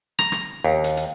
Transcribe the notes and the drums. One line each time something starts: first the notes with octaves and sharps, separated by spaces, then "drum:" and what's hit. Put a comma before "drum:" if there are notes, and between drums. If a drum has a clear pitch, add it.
A#5, drum: rim click
drum: rim click
D#2
drum: hi-hat
drum: hi-hat